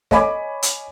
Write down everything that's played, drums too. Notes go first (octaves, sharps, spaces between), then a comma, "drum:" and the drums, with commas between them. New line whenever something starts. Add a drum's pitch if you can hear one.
C#5 D#5 G#5 B5 D6, drum: snare
drum: hi-hat